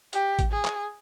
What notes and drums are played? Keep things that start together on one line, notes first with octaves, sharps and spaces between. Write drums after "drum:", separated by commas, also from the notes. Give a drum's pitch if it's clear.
G4, drum: hi-hat
drum: kick A1, hi-hat
G#4
drum: clap